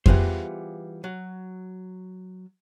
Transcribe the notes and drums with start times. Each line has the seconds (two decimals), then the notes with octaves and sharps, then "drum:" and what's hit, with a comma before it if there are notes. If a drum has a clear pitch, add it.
0.06 E3 G3 B3 F4 G#4 C5, drum: kick F2
1.04 F#3